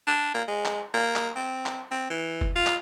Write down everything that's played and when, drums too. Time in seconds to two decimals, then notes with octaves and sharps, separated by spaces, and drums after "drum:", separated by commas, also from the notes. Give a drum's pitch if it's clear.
0.07 D4
0.34 A#3
0.48 G#3
0.65 drum: clap
0.94 A#3
1.16 drum: clap
1.36 C4
1.66 drum: clap
1.91 C4
2.10 E3
2.41 drum: kick
2.55 F4
2.66 drum: clap